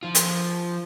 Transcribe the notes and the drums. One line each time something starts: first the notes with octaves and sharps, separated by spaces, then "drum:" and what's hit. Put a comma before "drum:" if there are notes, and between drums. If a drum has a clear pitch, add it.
F3 F4
drum: hi-hat